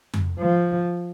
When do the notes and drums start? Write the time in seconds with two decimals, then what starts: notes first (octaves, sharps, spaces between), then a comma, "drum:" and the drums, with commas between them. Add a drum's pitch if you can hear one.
0.14 drum: tom F2
0.39 F3